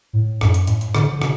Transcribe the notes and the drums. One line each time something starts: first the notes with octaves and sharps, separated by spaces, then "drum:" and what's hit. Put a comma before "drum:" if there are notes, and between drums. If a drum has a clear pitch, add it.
A2
F#2, drum: rim click
drum: hi-hat
A2, drum: hi-hat
drum: hi-hat
D3, drum: rim click
D3
B2, drum: rim click